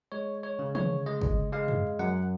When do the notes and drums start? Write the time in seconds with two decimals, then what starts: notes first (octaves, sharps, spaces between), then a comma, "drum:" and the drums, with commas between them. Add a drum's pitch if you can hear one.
0.12 G#3 C#5
0.43 C#5
0.59 C#3
0.75 C#5, drum: tom
1.06 G#3 D#5
1.21 drum: kick
1.52 G#3 F5
1.68 drum: tom
1.99 F#2 F#5